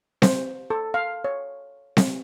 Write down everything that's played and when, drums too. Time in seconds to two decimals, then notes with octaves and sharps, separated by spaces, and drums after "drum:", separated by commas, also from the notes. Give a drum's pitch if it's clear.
0.22 C5, drum: snare C4
0.70 A4
0.94 F5
1.24 C#5
1.97 drum: snare C4